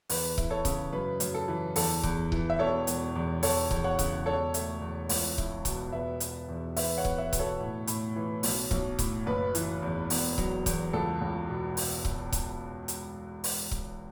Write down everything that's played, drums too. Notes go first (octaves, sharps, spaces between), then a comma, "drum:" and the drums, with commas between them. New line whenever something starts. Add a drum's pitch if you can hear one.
E2 B4, drum: open hi-hat
E4, drum: kick C#1
A4 C#5
C#3, drum: kick C#1, hi-hat
F#2 B4
F#2, drum: hi-hat
A4
E3
E2 A4, drum: open hi-hat
E2, drum: kick C#1
E3, drum: kick C#1
E5
E1 A4 C#5
E1, drum: hi-hat
E2
E2 A4 C#5, drum: open hi-hat
E2, drum: kick C#1
C#5 F#5
C#3, drum: kick C#1, hi-hat
E1 A4 C#5
A3, drum: hi-hat
E2
C#2, drum: open hi-hat
E4, drum: kick C#1
B2, drum: kick C#1, hi-hat
E1 B4 E5
B3, drum: hi-hat
E2
E2 B4 E5, drum: open hi-hat
C#5 F#5
B3, drum: kick C#1
B4 E5
B2, drum: kick C#1, hi-hat
A4 C#5
A2
A2, drum: hi-hat
E3
B1, drum: open hi-hat
B1, drum: kick C#1
A2, drum: kick C#1, hi-hat
F#1 B4
E3, drum: hi-hat
E2
E1, drum: open hi-hat
F#3, drum: kick C#1
E2, drum: kick C#1, hi-hat
C#2 A4
C#2
B2
drum: open hi-hat
drum: kick C#1
drum: kick C#1, hi-hat
drum: hi-hat
drum: open hi-hat
drum: kick C#1